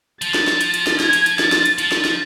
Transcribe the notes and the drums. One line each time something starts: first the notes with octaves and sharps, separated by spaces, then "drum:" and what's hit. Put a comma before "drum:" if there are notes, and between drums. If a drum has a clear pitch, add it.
F3 A6, drum: hi-hat
drum: snare
drum: snare
drum: hi-hat
drum: hi-hat
drum: snare
G#6, drum: snare
drum: hi-hat
drum: hi-hat
A6, drum: snare
drum: snare
drum: hi-hat
F3 A6, drum: hi-hat
drum: snare
drum: snare